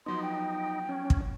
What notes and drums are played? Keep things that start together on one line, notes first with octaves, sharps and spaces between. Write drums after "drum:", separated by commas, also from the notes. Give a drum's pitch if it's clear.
F3 F#3 B3 D#4 C6
G5
C#4
drum: kick